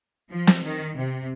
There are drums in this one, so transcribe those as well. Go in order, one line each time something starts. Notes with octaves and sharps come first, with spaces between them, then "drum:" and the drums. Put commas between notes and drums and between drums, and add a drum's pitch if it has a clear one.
F3
drum: snare
D#3
C3